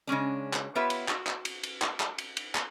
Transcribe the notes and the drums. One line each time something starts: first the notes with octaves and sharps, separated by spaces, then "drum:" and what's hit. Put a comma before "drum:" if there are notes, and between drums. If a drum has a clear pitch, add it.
C#3 G#3 C#4 D4
drum: clap
B3 F4 G4 B4 C#5 E5
drum: cymbal
F#4, drum: clap
drum: clap
drum: cymbal
drum: cymbal
drum: clap
drum: clap
drum: cymbal
drum: cymbal
drum: clap